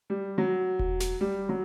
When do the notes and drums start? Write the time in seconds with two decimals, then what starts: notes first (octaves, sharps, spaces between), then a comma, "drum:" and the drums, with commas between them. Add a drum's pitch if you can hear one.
0.10 G3
0.38 F#3
0.79 drum: kick E1
1.00 drum: snare
1.21 G3
1.49 F#3